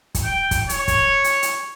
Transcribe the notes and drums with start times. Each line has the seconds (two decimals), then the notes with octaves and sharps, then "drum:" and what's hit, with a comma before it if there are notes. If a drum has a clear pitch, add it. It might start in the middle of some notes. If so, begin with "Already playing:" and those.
0.15 drum: kick, hi-hat
0.24 G5
0.51 drum: kick, hi-hat
0.69 C#5, drum: hi-hat
0.88 drum: kick, hi-hat
1.24 drum: hi-hat
1.43 drum: hi-hat